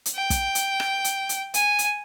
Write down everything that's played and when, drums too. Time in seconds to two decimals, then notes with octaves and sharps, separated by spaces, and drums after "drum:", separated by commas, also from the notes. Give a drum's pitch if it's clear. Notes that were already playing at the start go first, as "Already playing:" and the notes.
0.06 drum: hi-hat
0.15 G5
0.30 drum: kick, hi-hat
0.55 drum: hi-hat
0.80 drum: rim click
1.04 drum: hi-hat
1.29 drum: hi-hat
1.54 G#5, drum: hi-hat
1.79 drum: hi-hat